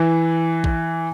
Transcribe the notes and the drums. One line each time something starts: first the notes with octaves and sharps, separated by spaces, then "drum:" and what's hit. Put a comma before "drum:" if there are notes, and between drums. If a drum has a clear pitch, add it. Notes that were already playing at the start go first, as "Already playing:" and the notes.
Already playing: E3
drum: kick A#1